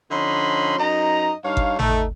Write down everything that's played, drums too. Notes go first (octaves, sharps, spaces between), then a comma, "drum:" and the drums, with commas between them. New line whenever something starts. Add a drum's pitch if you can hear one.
D3 F3 C#4 D#4 B5 C6
F#2 D#4 D#5 A#5
G2 D#4 C#5 F5
drum: kick G1
A3 D#4, drum: tom G#1